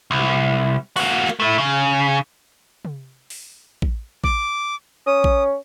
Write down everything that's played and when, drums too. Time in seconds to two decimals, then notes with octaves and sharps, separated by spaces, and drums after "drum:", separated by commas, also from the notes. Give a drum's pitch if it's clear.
0.11 C2
0.97 A#3 F#4, drum: open hi-hat
1.28 drum: clap
1.40 A3 E4
1.58 C#3
2.85 drum: tom
3.30 drum: open hi-hat
3.82 drum: kick A1
4.24 D6, drum: kick A1
5.06 C#4 D#6
5.24 drum: kick A1